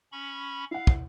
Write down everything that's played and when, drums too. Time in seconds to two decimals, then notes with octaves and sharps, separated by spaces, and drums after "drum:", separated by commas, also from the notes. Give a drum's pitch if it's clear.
0.12 C#4 B5 C#6
0.71 E4 F5 F#5
0.87 drum: kick